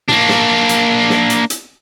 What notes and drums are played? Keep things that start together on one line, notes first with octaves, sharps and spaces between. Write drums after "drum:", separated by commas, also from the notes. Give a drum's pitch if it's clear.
A#3 D4, drum: tom A2
drum: snare
drum: hi-hat
drum: snare
drum: hi-hat
drum: hi-hat